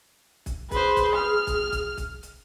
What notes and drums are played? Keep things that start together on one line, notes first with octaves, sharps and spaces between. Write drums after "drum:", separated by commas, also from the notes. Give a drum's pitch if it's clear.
drum: kick, hi-hat
G#4 B4 C5, drum: kick, hi-hat
drum: kick, hi-hat
F6
drum: kick, hi-hat
drum: kick, hi-hat
drum: kick, hi-hat
drum: hi-hat